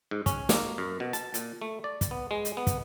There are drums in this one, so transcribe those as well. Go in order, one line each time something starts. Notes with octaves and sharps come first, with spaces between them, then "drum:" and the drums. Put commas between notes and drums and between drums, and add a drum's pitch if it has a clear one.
G#2
C#4, drum: kick, hi-hat
A#3, drum: snare
F#2
B2
A5, drum: hi-hat
A#2, drum: hi-hat
A3
D5
drum: kick, hi-hat
B3
G#3
drum: hi-hat
B3
drum: kick, hi-hat